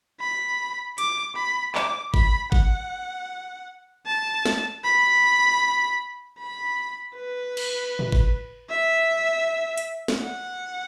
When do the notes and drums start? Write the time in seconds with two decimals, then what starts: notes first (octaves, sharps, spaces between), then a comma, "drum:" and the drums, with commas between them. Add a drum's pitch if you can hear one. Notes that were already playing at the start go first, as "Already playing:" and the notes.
0.20 B5
0.98 D6, drum: hi-hat
1.36 B5
1.75 D6, drum: clap
2.14 B5, drum: kick G1
2.52 F#5, drum: kick G1
4.07 A5
4.45 drum: snare
4.84 B5
6.39 B5
7.16 B4
7.57 drum: cymbal
7.99 drum: tom A2
8.12 drum: kick G1
8.70 E5
9.78 drum: hi-hat
10.08 drum: snare
10.25 F#5